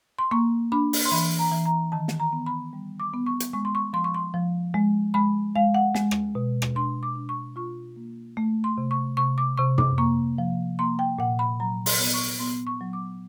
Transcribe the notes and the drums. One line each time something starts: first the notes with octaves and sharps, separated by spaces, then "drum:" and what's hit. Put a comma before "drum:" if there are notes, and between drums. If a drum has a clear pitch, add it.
C6
A#3 C#6
D4 B5
drum: open hi-hat
C6
E3 B5
A#5
E3
A#5
D#3 A5
drum: snare
A#5
B3
B5
G3
D6
B3
C#6
drum: hi-hat
G#3 C#6
C6
C#6
F3 C6
C#6
C6
F3
G#3
G#3 B5
G#3 F5
F#5
G#3, drum: snare
drum: rim click
B2
drum: rim click
D4 C6
D6
D4
C#6
F4 C#6
A#3
A3
C6
C3
C#6
C3 C#6
D6
C3 C#6
D6, drum: tom
A#3 C#6
F3
A#3 C6
G5
A#2 F#5
B5
F#3 A#5
C6, drum: open hi-hat
B3
C#6
B3 C6
C#6
F#3
D6